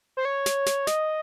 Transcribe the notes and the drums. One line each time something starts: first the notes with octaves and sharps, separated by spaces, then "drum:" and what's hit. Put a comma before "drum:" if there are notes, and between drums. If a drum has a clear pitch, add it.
C5
C#5
drum: snare
drum: snare
D#5, drum: snare